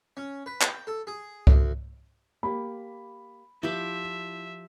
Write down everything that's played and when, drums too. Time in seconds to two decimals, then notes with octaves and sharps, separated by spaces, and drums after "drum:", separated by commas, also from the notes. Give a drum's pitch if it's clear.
0.17 C#4
0.46 B4
0.61 G5, drum: clap
0.87 A4
1.07 G#4
1.47 D2, drum: kick C2
2.43 A#3 G4 B5
3.63 F3 E4 G4 E5